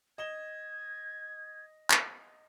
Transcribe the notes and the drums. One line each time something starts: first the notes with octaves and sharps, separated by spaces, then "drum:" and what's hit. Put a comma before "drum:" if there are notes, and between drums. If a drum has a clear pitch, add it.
D#5 G#6 E7 G7
drum: clap